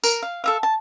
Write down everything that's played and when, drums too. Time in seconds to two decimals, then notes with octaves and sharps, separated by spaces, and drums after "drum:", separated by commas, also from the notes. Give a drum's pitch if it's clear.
0.04 A#4, drum: tambourine
0.23 F5
0.44 A4 E5 F5
0.63 A5